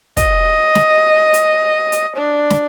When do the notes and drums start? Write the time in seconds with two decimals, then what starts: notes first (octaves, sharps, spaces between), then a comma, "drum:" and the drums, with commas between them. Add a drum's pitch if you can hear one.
0.17 D#5, drum: kick, hi-hat
0.75 drum: snare
1.34 drum: hi-hat
1.92 drum: hi-hat
2.17 D4
2.50 drum: snare